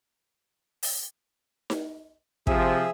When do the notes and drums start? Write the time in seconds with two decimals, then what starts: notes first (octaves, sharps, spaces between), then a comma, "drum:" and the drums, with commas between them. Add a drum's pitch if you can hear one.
0.83 drum: open hi-hat
1.70 drum: snare D#4
2.47 C3 F3 G#4 E5, drum: kick